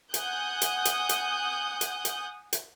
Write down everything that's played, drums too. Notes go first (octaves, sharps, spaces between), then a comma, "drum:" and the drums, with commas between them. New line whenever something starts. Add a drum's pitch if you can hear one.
F#5 G#5 D#6 F#6 G6, drum: hi-hat
drum: hi-hat
drum: hi-hat
drum: hi-hat
drum: hi-hat
drum: hi-hat
drum: hi-hat